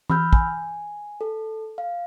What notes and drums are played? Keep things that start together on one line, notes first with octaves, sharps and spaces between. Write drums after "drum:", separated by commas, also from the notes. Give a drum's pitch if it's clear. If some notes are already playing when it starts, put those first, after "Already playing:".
B5 E6 F6 G6, drum: tom E3
G#5, drum: kick
A4
F5